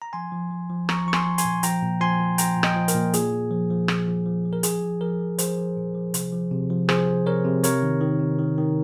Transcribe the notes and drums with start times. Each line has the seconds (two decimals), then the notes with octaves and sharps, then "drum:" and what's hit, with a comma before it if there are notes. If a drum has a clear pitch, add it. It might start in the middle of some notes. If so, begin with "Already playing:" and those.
0.02 A#5
0.13 F3 G#5 C6
0.32 F3
0.51 F3
0.70 F3
0.89 F3 A#5 C#6, drum: rim click
1.07 F3 C#6
1.13 G#5 C6, drum: rim click
1.26 F3
1.38 G#5 C6, drum: hi-hat
1.45 A#2
1.63 F3 G5 A#5, drum: hi-hat
1.83 A#2
2.00 F3 G#5 C6
2.20 F3
2.38 F3 G5 A#5, drum: hi-hat
2.57 A#2
2.63 D#5 G5, drum: rim click
2.76 F3
2.88 A#4, drum: hi-hat
2.95 A#2
3.13 A#2 G#4, drum: hi-hat
3.33 A#2
3.51 F3
3.70 F3
3.88 A#2, drum: rim click
4.07 F3
4.26 F3
4.45 F3
4.53 A#4
4.63 F3 G#4, drum: hi-hat
4.82 F3
5.01 F3 A#4
5.20 F3
5.39 F3 G#4 C5, drum: hi-hat
5.57 F3
5.77 A#2
5.94 F3
6.14 C3, drum: hi-hat
6.32 F3
6.51 C3
6.70 F3
6.89 F3 G#4 C5, drum: rim click
7.08 F3
7.26 C3 A#4 C#5
7.45 C3
7.64 C3 A#4 C#5, drum: hi-hat
7.83 D#3
8.01 D#3
8.20 C3
8.39 D#3
8.58 D#3